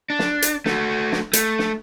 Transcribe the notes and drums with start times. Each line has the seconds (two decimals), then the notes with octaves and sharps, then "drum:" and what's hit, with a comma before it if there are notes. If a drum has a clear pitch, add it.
0.10 D4
0.19 drum: snare
0.42 drum: hi-hat
0.66 A3 F#4, drum: snare
1.12 drum: snare
1.33 A3, drum: hi-hat
1.59 drum: snare